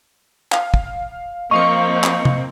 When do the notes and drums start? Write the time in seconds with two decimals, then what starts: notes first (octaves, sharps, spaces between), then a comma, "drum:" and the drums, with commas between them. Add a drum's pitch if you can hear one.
0.52 F5, drum: clap
0.74 drum: kick
1.51 F3 A#3 C4 D#5 F5 C#6 C#7
2.04 drum: clap
2.25 drum: tom C3